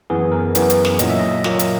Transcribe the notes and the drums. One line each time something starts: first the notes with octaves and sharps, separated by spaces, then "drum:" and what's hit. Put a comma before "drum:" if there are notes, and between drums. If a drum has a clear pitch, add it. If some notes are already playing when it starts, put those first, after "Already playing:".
F#2 E3 B3 G#4
A#4
F#2 E3 B3, drum: hi-hat
drum: hi-hat
drum: snare
A#2 F#3 A#3 D#5, drum: hi-hat
E5
D#5
A#2 F#3 A#3, drum: snare
drum: hi-hat